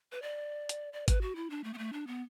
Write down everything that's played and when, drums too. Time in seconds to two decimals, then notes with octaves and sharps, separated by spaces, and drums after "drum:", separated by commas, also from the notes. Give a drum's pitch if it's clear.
0.12 B4
0.22 D5
0.69 drum: hi-hat
0.93 D5
1.08 B4, drum: kick G#1, hi-hat
1.22 F#4
1.36 E4
1.50 D4
1.64 A3
1.74 B3
1.78 A3
1.93 D4
2.07 B3